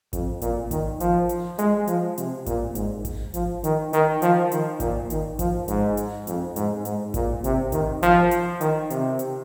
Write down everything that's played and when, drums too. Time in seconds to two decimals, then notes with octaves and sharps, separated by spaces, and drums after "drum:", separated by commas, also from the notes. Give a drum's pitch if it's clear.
0.13 F2, drum: kick G#1, hi-hat
0.42 A#2, drum: hi-hat
0.71 D#3, drum: kick G#1, hi-hat
1.00 F3, drum: hi-hat
1.29 drum: hi-hat
1.59 G#3, drum: hi-hat
1.87 F3, drum: hi-hat
2.18 C3, drum: hi-hat
2.46 A#2, drum: kick G#1, hi-hat
2.75 G#2, drum: hi-hat
3.05 drum: kick G#1, hi-hat
3.34 F3, drum: hi-hat
3.64 D#3, drum: hi-hat
3.93 D#3, drum: hi-hat
4.22 F3, drum: hi-hat
4.52 D#3, drum: hi-hat
4.80 A#2, drum: kick G#1, hi-hat
5.10 D#3, drum: hi-hat
5.39 F3, drum: kick G#1, hi-hat
5.68 G#2, drum: hi-hat
5.97 drum: hi-hat
6.27 F2, drum: hi-hat
6.56 G#2, drum: hi-hat
6.85 G#2, drum: hi-hat
7.14 A#2, drum: kick G#1, hi-hat
7.44 C3, drum: hi-hat
7.72 D#3, drum: kick G#1, hi-hat
8.03 F3, drum: hi-hat
8.31 drum: hi-hat
8.61 D#3, drum: hi-hat
8.90 C3, drum: hi-hat
9.19 drum: hi-hat